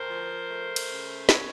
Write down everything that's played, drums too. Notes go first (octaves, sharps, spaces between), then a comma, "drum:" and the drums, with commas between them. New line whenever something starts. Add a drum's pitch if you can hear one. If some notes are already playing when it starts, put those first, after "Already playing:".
Already playing: D2 A#4 C5
F3
A3
drum: cymbal
C#3
B4 C#5, drum: snare